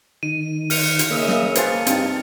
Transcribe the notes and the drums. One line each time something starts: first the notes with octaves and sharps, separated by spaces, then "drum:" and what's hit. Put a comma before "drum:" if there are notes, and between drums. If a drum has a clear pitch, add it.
D#3 D#7
F6 C#7 F7, drum: open hi-hat
drum: hi-hat
C#3 A#3 D#5 E5
drum: snare
A#3 B4 C5 G#5 A5, drum: hi-hat
G2 C4 D#4, drum: hi-hat